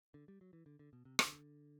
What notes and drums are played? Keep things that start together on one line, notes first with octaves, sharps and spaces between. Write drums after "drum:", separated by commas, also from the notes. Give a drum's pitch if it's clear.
D3
G3
F#3
E3
D3
D3
B2
C3
D3, drum: rim click